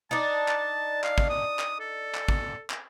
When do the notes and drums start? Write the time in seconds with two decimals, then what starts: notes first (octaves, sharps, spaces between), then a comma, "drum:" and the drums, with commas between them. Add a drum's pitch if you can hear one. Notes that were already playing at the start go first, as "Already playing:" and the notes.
0.11 D4 D#4 A5
0.48 drum: clap
1.04 F5, drum: clap
1.18 drum: kick
1.30 D#6
1.59 drum: clap
1.80 A4
2.15 drum: clap
2.28 drum: kick
2.70 drum: clap